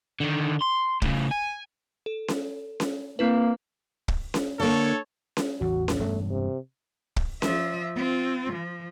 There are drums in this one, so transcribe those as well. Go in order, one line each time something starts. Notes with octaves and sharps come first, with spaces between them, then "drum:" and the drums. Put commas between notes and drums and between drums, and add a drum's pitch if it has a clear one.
D3 D#3
C6
A2 C#3, drum: kick
G#5
A4
drum: snare C#4
drum: snare C#4
A#3 C4 E4 B4
drum: kick
drum: snare C#4
D3 A#3 A4 C#5
drum: snare C#4
A1 E2 E3 F#4
drum: snare C#4
E1 G2 E3 A3
C3
drum: kick
F3 E5, drum: snare C#4
C4 F4
F3